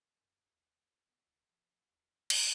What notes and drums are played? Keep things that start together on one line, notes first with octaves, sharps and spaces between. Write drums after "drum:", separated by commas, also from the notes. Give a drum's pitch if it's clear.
F#2
D#2
B3
C#2
F3
D#2
E2, drum: cymbal